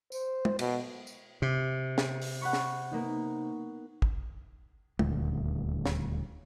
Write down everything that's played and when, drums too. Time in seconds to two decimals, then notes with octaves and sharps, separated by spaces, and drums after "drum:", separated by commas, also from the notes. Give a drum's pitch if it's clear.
0.12 C5, drum: tambourine
0.45 drum: tom
0.59 B2, drum: cymbal
1.07 drum: tambourine
1.42 C3
1.98 drum: snare
2.22 drum: open hi-hat
2.41 F#5 B5 C#6
2.53 drum: snare
2.91 A#3 B3 D#4
4.02 drum: kick
4.99 D#1 D2, drum: tom
5.86 drum: snare